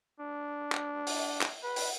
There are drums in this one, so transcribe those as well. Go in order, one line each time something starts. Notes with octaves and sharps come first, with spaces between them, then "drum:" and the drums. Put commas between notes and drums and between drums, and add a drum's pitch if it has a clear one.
D4
drum: clap
drum: open hi-hat
drum: clap
B4
drum: open hi-hat